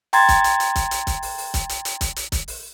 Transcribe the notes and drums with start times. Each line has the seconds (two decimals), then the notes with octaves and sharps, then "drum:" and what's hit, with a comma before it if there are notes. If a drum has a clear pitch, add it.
0.13 G5 A#5 C6 G#6 A6, drum: open hi-hat
0.29 drum: kick, hi-hat
0.44 drum: hi-hat
0.60 drum: hi-hat
0.76 drum: kick, hi-hat
0.91 drum: hi-hat
1.07 drum: kick, hi-hat
1.22 drum: open hi-hat
1.38 drum: open hi-hat
1.54 drum: kick, hi-hat
1.69 drum: hi-hat
1.85 drum: hi-hat
2.01 drum: kick, hi-hat
2.16 drum: hi-hat
2.32 drum: kick, hi-hat
2.48 drum: open hi-hat